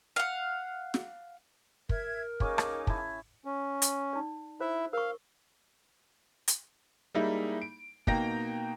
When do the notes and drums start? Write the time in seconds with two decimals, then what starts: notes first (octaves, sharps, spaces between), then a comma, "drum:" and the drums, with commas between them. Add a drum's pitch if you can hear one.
0.16 F5 F#5
0.94 drum: snare
1.89 A#4 E5 G#6, drum: kick
2.40 A#3 C#4 D#4 G#4 G#5 D6, drum: kick
2.58 drum: rim click
2.87 E4 A5, drum: kick
3.45 C#4
3.82 drum: hi-hat
4.13 D#4 D5
4.61 E4 C5 E5
4.93 A#4 F5 C#6
6.48 drum: hi-hat
7.15 G3 G#3 A#3 D#4 E4
7.62 D7
8.07 B2 A#3 D#4 G5 A#5 A#6, drum: kick